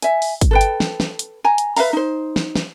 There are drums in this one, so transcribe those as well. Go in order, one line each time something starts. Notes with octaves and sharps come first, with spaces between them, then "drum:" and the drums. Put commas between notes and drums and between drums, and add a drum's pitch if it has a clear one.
E5 G#5, drum: hi-hat
drum: open hi-hat
drum: kick, hi-hat
A4 B4 G5
drum: hi-hat
drum: snare
drum: snare
drum: hi-hat
G#5 A#5
drum: hi-hat
B4 E5 F5 A#5, drum: open hi-hat
D#4 C5
drum: snare
drum: snare